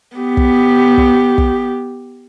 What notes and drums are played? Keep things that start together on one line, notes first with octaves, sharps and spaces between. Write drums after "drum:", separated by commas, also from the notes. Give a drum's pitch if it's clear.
B3 G4
drum: kick
drum: kick
drum: kick